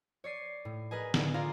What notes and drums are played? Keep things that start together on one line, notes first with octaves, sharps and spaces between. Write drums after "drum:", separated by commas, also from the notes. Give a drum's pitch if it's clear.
C#5 D5 C7 D#7
A2
G#4 A#4 B4 D#5 G#5
A2 D3 G#4, drum: snare
F4 G#4 D5 F5 A#5 C6